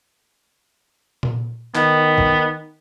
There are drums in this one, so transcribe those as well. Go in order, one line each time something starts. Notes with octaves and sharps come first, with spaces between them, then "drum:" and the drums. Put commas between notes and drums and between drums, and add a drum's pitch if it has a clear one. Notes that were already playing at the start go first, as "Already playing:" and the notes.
drum: tom A#2
D#3 B3, drum: clap
drum: kick